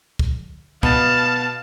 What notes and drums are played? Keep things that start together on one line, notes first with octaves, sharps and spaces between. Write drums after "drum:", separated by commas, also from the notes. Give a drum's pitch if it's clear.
drum: kick
B2 B3 F5 A5, drum: kick